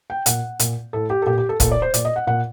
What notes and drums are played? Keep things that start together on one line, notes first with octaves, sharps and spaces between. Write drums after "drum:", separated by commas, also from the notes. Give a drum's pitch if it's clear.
G5
A#2 F#5, drum: hi-hat
A#2, drum: hi-hat
A2 A4
G4
A4
A#2 G4
G4
A4
A#2 A4, drum: kick, hi-hat
D5
C5
A#2 D5, drum: hi-hat
D#5
F#5
A#2 F#5